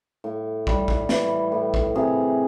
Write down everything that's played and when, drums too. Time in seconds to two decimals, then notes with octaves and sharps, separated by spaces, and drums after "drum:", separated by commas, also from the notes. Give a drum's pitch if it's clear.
0.24 A2
0.67 G3, drum: kick
0.88 drum: kick
1.09 E3, drum: snare
1.52 A2
1.74 drum: kick
1.95 C3 G#4